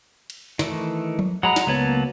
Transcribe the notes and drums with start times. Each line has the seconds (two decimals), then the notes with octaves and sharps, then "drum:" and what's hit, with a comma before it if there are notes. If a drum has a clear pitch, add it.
0.30 drum: cymbal
0.59 D#3 E3 A3, drum: snare
1.19 drum: tom F3
1.43 F#3 G#3 F#5 A#5 B5
1.56 drum: snare
1.67 C#2 F#3 A#3 B3 C#5 A5